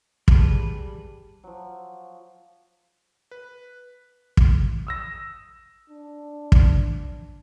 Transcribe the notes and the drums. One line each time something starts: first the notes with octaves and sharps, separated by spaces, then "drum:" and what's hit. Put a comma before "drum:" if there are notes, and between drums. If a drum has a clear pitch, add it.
G3 G#4 B4 A5, drum: kick
F3 F#3
B4
drum: kick
D#6 E6 A#6
D4
drum: kick